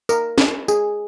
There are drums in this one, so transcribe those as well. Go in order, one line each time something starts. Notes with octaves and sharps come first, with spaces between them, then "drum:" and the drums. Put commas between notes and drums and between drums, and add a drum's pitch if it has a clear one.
A#4, drum: tambourine
drum: snare
G#4, drum: tambourine